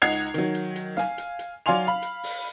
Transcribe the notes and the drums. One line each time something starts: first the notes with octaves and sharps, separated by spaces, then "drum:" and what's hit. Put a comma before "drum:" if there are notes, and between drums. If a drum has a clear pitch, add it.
C#2 D#4 F#5 G#6 C7 F7
drum: hi-hat
D#3 F#3, drum: hi-hat
drum: hi-hat
drum: hi-hat
F5 G#5, drum: snare
drum: hi-hat
drum: hi-hat
F#3 D5 F5 G#5 C6 F7
F5 B5
drum: hi-hat
drum: open hi-hat